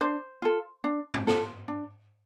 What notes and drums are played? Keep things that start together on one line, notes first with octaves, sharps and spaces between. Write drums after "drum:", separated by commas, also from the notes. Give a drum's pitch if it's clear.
D4 C5
F4 A4
D4
drum: tom G#2
F4 A4, drum: snare
D4